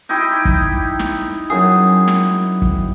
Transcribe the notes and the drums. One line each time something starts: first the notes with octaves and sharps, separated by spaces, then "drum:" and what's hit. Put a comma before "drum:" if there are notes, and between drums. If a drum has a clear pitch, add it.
D#4 E4 G4
drum: kick
drum: snare
F#2 G#4
drum: snare
drum: kick